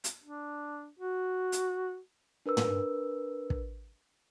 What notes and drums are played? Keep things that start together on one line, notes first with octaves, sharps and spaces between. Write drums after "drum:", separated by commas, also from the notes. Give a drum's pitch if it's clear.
drum: hi-hat
D4
F#4
drum: hi-hat
D4 A#4 B4 E6
drum: tom
drum: kick